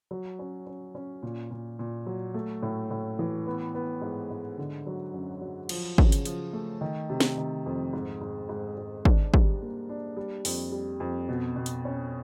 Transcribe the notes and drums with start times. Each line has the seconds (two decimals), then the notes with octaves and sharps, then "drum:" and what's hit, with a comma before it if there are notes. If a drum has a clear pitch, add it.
0.11 F#3
0.39 C#4
0.66 C#4
0.95 C#4
1.23 A#2
1.51 A#2
1.79 A#2
2.07 F#3
2.34 A3
2.63 A2
2.91 A2
3.19 E3
3.47 B3
3.75 B3
4.02 G#2
4.31 G#2
4.58 D3
4.87 F#3
5.14 F#2
5.41 F#3
5.69 F3, drum: cymbal
5.98 C#3, drum: kick
6.12 drum: hi-hat
6.25 F3, drum: hi-hat
6.53 A3
6.81 D#3
7.10 C3
7.20 drum: snare
7.38 D#3
7.66 F2
7.93 G#2
8.21 G#2
8.49 G#2
8.77 G#2
9.05 D4, drum: kick
9.34 G3, drum: kick
9.62 A#3
9.89 D4
10.17 G3
10.45 F2, drum: open hi-hat
10.72 G3
11.00 F2
11.29 B2
11.56 B2
11.66 drum: hi-hat
11.85 C#4